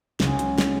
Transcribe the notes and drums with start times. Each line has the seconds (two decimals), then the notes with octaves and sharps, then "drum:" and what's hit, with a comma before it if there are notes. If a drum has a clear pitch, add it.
0.20 C#2 F#3 G#3, drum: snare
0.39 drum: hi-hat
0.58 drum: snare